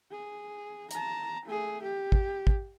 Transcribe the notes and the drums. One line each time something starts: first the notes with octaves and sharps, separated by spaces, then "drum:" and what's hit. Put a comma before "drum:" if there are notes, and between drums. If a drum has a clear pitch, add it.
G#4
A5 A#5, drum: hi-hat
A3 G#4
G4
drum: kick
drum: kick